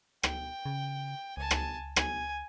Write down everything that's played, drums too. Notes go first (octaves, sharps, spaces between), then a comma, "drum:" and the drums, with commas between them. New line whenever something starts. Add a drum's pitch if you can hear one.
G5, drum: rim click
C#3
C#2 G#5 A5
drum: rim click
G#5, drum: rim click